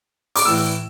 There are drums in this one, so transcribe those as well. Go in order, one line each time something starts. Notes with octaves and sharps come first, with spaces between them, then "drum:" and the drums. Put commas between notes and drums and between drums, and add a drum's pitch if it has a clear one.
D6, drum: open hi-hat
A2 E3 E6